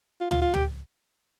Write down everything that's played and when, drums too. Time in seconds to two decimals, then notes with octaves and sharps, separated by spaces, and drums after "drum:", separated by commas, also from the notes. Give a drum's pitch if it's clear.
0.20 F4
0.31 F4, drum: tom
0.41 F4
0.54 G4, drum: tom